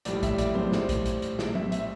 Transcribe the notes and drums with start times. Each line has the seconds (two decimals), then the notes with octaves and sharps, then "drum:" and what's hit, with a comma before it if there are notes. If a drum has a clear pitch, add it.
0.05 A#1 A2 G3 D5, drum: hi-hat
0.23 E5, drum: kick, hi-hat
0.38 D5, drum: hi-hat
0.55 C5, drum: tom F#3
0.72 drum: snare
0.89 drum: kick, hi-hat
1.06 drum: hi-hat
1.22 drum: hi-hat
1.39 drum: snare
1.55 E5, drum: tom F#3
1.72 E5, drum: hi-hat